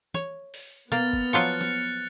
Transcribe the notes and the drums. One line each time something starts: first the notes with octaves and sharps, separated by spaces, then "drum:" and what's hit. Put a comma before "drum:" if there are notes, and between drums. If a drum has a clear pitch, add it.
C#5, drum: tom
drum: open hi-hat
A#3 B3 F6 A6 F7, drum: tom
drum: kick
F3 F#3 F4 F#6 C#7
drum: snare